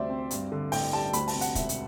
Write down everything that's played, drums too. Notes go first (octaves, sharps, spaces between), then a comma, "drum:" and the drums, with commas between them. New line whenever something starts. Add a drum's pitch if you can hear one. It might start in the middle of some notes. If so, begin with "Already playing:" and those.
Already playing: D2 C3 G3 C5 D5 E5
C4
G2, drum: hi-hat
D3
A1 G5, drum: open hi-hat
G3 A5
D2 B5, drum: hi-hat
A5, drum: open hi-hat
C3
F#5, drum: hi-hat
E1 E5, drum: kick, hi-hat
drum: hi-hat